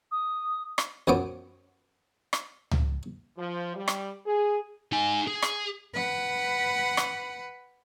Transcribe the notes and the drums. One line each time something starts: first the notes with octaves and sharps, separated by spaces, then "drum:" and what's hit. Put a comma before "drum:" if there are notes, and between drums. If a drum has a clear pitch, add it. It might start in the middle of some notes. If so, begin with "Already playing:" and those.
D#6
drum: rim click
F#2 F3 B3 D6
drum: rim click
drum: tom C#2
F3
G3
drum: rim click
G#4
D#4 G#5
G#4
drum: rim click
B4 F#5
drum: rim click